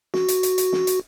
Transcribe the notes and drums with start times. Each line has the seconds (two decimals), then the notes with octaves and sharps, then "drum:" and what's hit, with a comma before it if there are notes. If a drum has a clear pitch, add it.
0.14 F#4, drum: snare
0.28 drum: hi-hat
0.43 drum: hi-hat
0.58 drum: hi-hat
0.72 drum: snare
0.87 drum: hi-hat